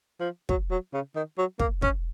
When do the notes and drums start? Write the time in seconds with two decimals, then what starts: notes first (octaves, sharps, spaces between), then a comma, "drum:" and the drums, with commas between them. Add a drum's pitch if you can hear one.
0.20 F3
0.49 F#3, drum: kick
0.71 F#3
0.93 C#3
1.16 D#3
1.38 F#3
1.60 A#3, drum: kick
1.82 C#4, drum: kick